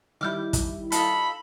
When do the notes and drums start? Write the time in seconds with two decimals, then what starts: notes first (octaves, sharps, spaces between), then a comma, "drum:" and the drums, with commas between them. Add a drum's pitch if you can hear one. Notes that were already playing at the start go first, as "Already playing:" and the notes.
0.21 D#3 G3 E4 D6 F6 G6
0.53 drum: kick, hi-hat
0.92 D#4 F4 A4 B5, drum: hi-hat